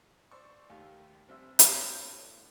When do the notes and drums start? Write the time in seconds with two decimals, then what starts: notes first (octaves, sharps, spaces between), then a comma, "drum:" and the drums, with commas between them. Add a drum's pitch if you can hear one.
0.32 C5 D5 C#6 E6
0.70 D#2 A3 F5
1.29 F1 G3 C4 E5 E6
1.59 A2 B3 D4 A4 C#5 E5, drum: hi-hat